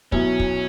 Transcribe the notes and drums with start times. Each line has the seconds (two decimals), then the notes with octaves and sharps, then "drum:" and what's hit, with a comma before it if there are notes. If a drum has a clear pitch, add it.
0.12 B1 B2 F#3 B3 C#4 E4, drum: kick
0.40 drum: kick